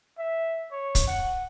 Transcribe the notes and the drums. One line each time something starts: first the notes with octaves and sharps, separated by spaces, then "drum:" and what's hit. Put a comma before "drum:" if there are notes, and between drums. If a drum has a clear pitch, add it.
E5
C#5
drum: kick, hi-hat
F#5